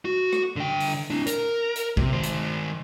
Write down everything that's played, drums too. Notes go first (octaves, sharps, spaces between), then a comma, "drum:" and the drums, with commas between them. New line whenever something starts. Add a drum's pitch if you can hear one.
F#4
drum: rim click
D3 G5
drum: open hi-hat
D4 E4
A#4, drum: hi-hat
drum: hi-hat
C3, drum: kick
D#3 C5
drum: hi-hat